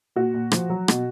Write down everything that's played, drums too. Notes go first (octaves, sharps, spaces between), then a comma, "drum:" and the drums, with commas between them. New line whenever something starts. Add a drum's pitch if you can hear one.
A#2 F#4
A#2
F3, drum: rim click
F#3
B2, drum: rim click